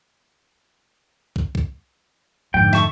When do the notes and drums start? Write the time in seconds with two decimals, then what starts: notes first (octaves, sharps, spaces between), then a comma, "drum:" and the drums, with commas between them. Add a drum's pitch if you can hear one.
1.36 drum: kick
1.55 drum: kick
2.54 F2 G#2 D3 G5
2.73 E5 A5 C#6, drum: snare